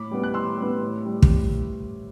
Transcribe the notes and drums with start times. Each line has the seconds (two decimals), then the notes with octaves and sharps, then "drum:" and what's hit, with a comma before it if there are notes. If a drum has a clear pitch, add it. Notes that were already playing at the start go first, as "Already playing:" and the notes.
Already playing: A2 B5 D6
0.11 G3 B3
0.24 F#6
0.34 A2 C6 E6
0.57 G3 B3
0.82 A2
1.05 G3
1.22 drum: kick